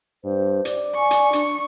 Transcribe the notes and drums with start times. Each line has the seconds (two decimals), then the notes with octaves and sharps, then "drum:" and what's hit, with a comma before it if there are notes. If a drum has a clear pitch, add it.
0.24 G2 C5
0.65 D5, drum: hi-hat
0.96 G#5 C#6
1.11 drum: hi-hat
1.33 D4, drum: hi-hat